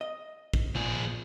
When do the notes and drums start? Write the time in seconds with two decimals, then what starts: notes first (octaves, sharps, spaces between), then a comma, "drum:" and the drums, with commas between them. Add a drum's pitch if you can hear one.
0.01 D#5
0.54 drum: kick
0.76 A#2 F3 G#4